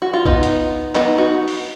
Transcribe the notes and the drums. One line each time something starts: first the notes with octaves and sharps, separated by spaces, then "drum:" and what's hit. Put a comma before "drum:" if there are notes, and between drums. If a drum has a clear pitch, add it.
F#4
F4
B3 D#4, drum: kick A#1
drum: hi-hat
B3 D#4, drum: clap
D#4 F#4
drum: open hi-hat